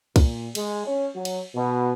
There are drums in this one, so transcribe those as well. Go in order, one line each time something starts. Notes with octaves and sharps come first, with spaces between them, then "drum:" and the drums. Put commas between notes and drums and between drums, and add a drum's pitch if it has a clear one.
A#2, drum: kick C2, cymbal
G#3, drum: cymbal
C#4
F#3
drum: cymbal
B2